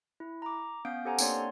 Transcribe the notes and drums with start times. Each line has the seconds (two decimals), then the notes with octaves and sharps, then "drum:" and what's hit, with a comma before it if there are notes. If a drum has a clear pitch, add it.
0.20 E4
0.42 A#5 D6
0.85 B3 C#4 F5 D#6 G6 D7
1.05 G4 A4 C5 F#5 G#5 A#5
1.19 A#3 C4 D4 C#5 D5 C6, drum: tambourine